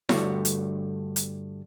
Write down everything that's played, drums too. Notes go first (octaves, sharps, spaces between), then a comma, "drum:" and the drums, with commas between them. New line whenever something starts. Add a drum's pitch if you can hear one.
G2 D3 G3 A3 F#4 C#5, drum: snare E4
drum: hi-hat
drum: hi-hat